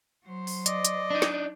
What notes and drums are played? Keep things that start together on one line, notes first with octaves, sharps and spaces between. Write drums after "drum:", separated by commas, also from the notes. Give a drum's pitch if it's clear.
F#3 C5
drum: open hi-hat
D5 D#5, drum: hi-hat
drum: hi-hat
D4 D#4
drum: snare